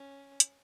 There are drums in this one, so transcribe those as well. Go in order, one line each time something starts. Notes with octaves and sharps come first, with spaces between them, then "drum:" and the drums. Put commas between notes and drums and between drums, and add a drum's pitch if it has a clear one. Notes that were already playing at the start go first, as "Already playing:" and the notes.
Already playing: C#4
drum: hi-hat